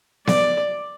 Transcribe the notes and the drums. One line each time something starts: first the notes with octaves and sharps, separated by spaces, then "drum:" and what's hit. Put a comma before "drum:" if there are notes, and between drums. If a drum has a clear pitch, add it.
D5, drum: snare B3